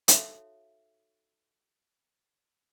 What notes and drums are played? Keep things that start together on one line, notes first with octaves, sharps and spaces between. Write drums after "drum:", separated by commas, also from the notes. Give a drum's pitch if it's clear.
D#4 F#4 A4 C#5 E5 F5, drum: hi-hat